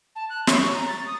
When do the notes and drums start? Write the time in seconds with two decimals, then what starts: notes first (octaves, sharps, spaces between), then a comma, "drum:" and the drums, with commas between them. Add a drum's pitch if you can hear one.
0.16 A5
0.30 F#6
0.47 C#5, drum: snare
0.60 C#6
0.74 A#5
0.88 A6
1.06 D#6